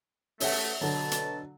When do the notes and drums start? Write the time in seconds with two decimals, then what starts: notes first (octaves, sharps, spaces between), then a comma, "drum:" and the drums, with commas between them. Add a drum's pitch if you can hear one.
0.40 A3 C#4 E5 F#5, drum: open hi-hat
0.81 B2 D3 F#3 A5
1.11 drum: hi-hat